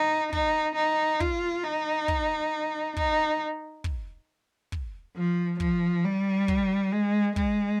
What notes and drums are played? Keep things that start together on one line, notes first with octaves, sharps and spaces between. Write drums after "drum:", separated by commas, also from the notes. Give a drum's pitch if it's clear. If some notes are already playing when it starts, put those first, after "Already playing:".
Already playing: D#4
D#4, drum: kick
D#4
F4, drum: kick
D#4
drum: kick
D#4, drum: kick
drum: kick
drum: kick
F3
F3, drum: kick
G3
drum: kick
G#3
G#3, drum: kick